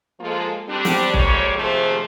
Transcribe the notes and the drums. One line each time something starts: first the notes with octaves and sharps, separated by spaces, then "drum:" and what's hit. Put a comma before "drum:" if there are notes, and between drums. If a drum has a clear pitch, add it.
F3 G#3 A#3 F4 A4
G3 C4 D4
drum: snare
F2 G3 G#3 A#3 C#5, drum: kick
D#2 C3 F3 A3 G#4 C5